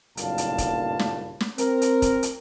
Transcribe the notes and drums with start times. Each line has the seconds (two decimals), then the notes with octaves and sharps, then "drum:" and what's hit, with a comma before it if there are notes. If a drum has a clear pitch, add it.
0.17 F#1 B1 G2 A#2 F5 A5, drum: hi-hat
0.38 drum: hi-hat
0.58 drum: kick, hi-hat
0.99 drum: snare
1.40 drum: snare
1.58 C4 A#4, drum: hi-hat
1.82 drum: hi-hat
2.02 drum: kick, hi-hat
2.23 drum: hi-hat